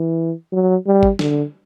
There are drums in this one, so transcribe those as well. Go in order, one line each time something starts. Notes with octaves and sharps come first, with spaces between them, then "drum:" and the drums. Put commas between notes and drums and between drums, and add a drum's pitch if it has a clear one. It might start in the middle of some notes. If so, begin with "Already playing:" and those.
Already playing: E3
F#3
G3
drum: kick
D3, drum: snare